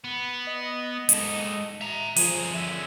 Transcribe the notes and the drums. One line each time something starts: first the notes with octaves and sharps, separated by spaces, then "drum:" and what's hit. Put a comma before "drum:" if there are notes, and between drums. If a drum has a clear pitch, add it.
B3
D#5
G#2 A4, drum: hi-hat
E5 A#5
D3 F3 G#4, drum: open hi-hat
E5